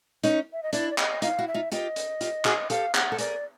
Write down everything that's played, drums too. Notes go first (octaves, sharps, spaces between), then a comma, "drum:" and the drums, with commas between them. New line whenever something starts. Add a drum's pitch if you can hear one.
C#4 D#4, drum: hi-hat
E5
D#5
D4 E4 D5, drum: hi-hat
D5
D#5, drum: clap
D#4 F4 F5, drum: hi-hat
E4 F#4
E5
D#4 F4
F4 G4 D#5, drum: hi-hat
drum: hi-hat
F4 G4, drum: hi-hat
F#4 G#4, drum: clap
G4 A4 F5, drum: hi-hat
F#5, drum: clap
A4
G#4 A#4 D5, drum: hi-hat